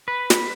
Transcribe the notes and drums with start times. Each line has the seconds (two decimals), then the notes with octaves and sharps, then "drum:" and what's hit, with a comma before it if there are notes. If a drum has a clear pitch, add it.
0.08 B4
0.30 drum: snare